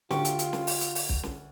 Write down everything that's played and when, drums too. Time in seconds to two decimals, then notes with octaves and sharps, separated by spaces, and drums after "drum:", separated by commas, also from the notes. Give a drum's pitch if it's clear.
0.11 D2 F4 G4 C#6, drum: snare
0.25 drum: hi-hat
0.39 drum: hi-hat
0.53 drum: snare
0.67 drum: open hi-hat
0.81 drum: hi-hat
0.95 drum: open hi-hat
1.09 drum: kick
1.23 drum: snare